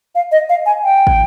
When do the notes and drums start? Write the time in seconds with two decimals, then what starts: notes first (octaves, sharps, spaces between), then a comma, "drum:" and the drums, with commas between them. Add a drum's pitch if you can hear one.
0.15 F5
0.32 D#5
0.49 F5
0.66 G#5
0.84 G5
1.07 drum: kick